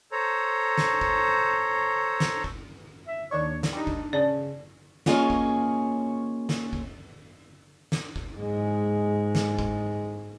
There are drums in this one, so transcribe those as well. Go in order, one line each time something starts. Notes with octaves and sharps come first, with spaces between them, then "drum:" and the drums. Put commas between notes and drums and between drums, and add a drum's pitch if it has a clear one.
A4 C5 C#5 A#5
drum: snare
drum: kick F#1
drum: snare
drum: kick F#1
E5
D#2 D4 C#5 C#6
drum: snare
G3 D4 D#4
drum: kick F#1
C#3 D5 A5
A#3 C#4 F4 G#4 C#5 D#5, drum: snare
drum: kick F#1
drum: snare
drum: kick F#1
drum: snare
drum: kick F#1
G#2 G#3
drum: snare
drum: kick F#1